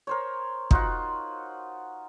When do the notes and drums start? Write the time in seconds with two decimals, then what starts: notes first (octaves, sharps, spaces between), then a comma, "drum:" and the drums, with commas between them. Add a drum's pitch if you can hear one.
0.07 A#4 C5 C#5
0.71 D#4 F4 F#4 F#5, drum: kick